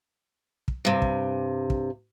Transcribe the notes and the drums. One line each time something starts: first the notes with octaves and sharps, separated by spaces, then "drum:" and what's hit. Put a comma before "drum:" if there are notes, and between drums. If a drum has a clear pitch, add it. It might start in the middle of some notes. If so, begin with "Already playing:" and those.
drum: kick
G2 C3
drum: kick
drum: kick